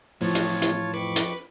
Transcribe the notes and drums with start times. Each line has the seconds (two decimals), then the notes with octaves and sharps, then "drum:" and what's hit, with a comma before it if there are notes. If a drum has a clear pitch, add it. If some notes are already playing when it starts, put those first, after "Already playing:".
0.22 A2 E3 F3 A3 C4 F4 C#5 A5
0.35 drum: hi-hat
0.62 drum: hi-hat
0.94 F2 B4 C#6 D6
1.16 drum: hi-hat